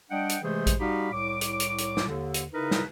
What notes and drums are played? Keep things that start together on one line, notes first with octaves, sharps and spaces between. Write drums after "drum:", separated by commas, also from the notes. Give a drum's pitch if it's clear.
G3 D4 D#5 F#5 G5
drum: hi-hat
C3 E3 G#3 A3 G#4 C5
drum: kick A1, hi-hat
G3 D#4 F#4 G4 F5 B5
C2 A2 C#5 D6
drum: hi-hat
drum: hi-hat
drum: hi-hat
drum: snare
D#2 D3
drum: hi-hat
C#3 D#4 E4 A#4 B4
drum: snare